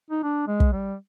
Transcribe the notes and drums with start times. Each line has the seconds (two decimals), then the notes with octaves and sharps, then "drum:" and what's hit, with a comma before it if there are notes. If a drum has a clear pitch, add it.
0.11 D#4
0.23 D4
0.48 G#3
0.60 drum: kick
0.72 G3